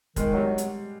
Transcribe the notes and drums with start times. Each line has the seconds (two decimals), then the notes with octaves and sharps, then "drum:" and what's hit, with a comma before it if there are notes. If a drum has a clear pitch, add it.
0.16 D#3 G#3, drum: kick, hi-hat
0.33 F#3 G3
0.58 drum: hi-hat